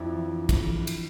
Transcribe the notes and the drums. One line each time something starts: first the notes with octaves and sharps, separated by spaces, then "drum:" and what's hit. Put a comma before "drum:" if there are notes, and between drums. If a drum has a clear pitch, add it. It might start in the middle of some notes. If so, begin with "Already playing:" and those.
Already playing: F2 D4 E4
E3
E3, drum: kick, cymbal
drum: cymbal